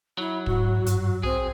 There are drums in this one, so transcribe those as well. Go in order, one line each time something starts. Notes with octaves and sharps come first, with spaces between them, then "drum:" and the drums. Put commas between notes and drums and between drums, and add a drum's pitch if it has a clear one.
F#3 E4
G#2 F#4, drum: kick
G2, drum: hi-hat
B1 C4 G#4